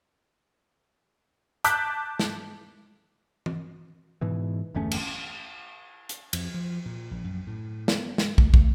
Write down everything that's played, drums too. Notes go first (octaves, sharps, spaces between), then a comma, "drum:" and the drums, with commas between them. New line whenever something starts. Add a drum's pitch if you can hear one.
A5 D6 F#6 G6 B6, drum: hi-hat
drum: snare
drum: tom E3
G#2 B2 E3
G1 E2 A3 C#4
drum: cymbal
drum: hi-hat
F2, drum: cymbal
F3
A#2
A#1
F#2
A2
B3, drum: snare
G#3, drum: snare
A3, drum: kick
A3, drum: kick